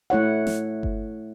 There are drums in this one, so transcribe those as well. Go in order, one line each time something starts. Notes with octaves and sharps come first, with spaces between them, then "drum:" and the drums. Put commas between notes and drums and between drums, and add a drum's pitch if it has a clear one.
A3 E4 C#5 F#5
drum: snare
drum: kick G1